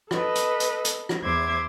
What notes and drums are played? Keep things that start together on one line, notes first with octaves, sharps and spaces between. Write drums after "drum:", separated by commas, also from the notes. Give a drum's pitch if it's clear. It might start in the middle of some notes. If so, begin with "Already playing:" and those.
A4 B4 D#5, drum: rim click
drum: hi-hat
drum: hi-hat
drum: hi-hat
drum: rim click
E2 C5 E5 D6 G#6